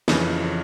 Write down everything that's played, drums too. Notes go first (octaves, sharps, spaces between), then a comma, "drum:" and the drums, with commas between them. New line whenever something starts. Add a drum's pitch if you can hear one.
F2 C#3 E3, drum: snare